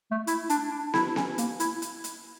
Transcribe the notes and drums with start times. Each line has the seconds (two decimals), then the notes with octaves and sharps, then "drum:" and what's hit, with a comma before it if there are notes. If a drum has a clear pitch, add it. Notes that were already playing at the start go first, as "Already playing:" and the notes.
0.11 A3
0.27 E4, drum: hi-hat
0.50 D4, drum: hi-hat
0.71 D4
0.94 E4, drum: snare
1.16 C#4, drum: snare
1.38 A#3, drum: hi-hat
1.60 E4, drum: hi-hat
1.82 drum: hi-hat
2.04 drum: hi-hat